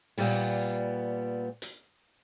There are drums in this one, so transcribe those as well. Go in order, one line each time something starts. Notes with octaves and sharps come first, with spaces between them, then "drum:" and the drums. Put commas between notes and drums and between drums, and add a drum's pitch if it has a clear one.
A#2 G3 B3, drum: open hi-hat
drum: hi-hat